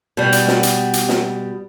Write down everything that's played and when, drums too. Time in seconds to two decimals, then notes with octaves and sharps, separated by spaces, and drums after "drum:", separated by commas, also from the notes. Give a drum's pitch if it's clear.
0.17 B2 G3
0.32 drum: hi-hat
0.48 drum: snare
0.63 drum: hi-hat
0.93 drum: hi-hat
1.09 drum: snare